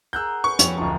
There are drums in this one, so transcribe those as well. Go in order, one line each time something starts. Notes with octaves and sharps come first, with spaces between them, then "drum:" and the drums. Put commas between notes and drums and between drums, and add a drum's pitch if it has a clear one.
G#4 A#4 F#5 E6 F#6 G6
B4 C#6
F2 C#5 F7, drum: hi-hat
D1 F2 F3 C#4 D#4